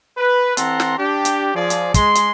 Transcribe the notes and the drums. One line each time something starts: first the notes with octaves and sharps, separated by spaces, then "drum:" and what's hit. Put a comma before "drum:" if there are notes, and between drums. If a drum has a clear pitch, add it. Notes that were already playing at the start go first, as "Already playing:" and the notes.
B4
E3 C4 A4 F#5 A#5 C6, drum: hi-hat
drum: snare
D4 G4
drum: hi-hat
F3 G#4 D5
drum: hi-hat
G#3 C6, drum: kick, hi-hat
drum: hi-hat